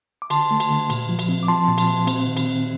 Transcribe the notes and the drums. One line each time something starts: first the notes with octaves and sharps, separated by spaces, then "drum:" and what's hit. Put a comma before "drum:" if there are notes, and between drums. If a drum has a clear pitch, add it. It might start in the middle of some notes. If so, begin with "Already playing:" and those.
D6
D3 A5 C6, drum: cymbal
A3
drum: cymbal
D3
A#2, drum: cymbal
F3
drum: cymbal
C4
D6
F3 A5 C6
A#2
drum: cymbal
A#2
C4, drum: cymbal
D#3
drum: cymbal
C4